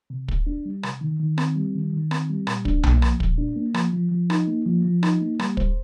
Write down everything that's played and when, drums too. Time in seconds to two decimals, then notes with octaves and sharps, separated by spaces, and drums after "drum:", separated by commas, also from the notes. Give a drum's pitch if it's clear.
0.10 C3
0.28 D2, drum: kick
0.47 D4
0.65 G3
0.83 C3, drum: rim click
1.01 D#3
1.20 D#3
1.38 C4, drum: rim click
1.56 G3
1.75 D#3
1.93 D#3
2.11 C4, drum: rim click
2.30 G3
2.47 A#2, drum: rim click
2.65 D4, drum: kick
2.83 A#3, drum: tom B1
3.02 F3, drum: rim click
3.20 A#2, drum: kick
3.38 D4
3.56 A#3
3.74 F3, drum: rim click
3.93 F3
4.12 F3
4.30 D#4, drum: rim click
4.48 A#3
4.65 F3
4.85 F3
5.03 D#4, drum: rim click
5.21 A#3
5.39 G3, drum: rim click
5.57 C5, drum: kick